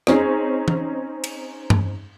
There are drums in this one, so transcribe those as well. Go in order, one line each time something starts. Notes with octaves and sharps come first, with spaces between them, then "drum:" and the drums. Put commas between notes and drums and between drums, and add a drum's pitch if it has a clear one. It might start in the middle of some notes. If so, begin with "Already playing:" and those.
C4 C#4 D#4 G#4, drum: rim click
drum: tom E3
drum: cymbal
drum: tom G2